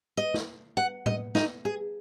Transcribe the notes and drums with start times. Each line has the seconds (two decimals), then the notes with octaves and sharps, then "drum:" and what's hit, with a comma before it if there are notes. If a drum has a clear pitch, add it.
0.17 D#5
0.34 drum: snare
0.77 F#5
1.06 D#5, drum: tom A2
1.35 D#4, drum: snare
1.65 G#4